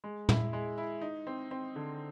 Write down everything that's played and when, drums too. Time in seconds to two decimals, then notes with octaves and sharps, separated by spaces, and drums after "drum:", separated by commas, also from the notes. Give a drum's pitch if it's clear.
0.04 G#3
0.29 E4, drum: tom
0.53 G#3
0.78 E4
1.02 D#4
1.27 C4
1.51 C4
1.76 D3